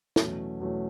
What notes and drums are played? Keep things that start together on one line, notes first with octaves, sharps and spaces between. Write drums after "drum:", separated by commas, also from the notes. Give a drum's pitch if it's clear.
E2 B2 F#3 A3 C#4, drum: snare
E2 B2 F#3 A3 C#4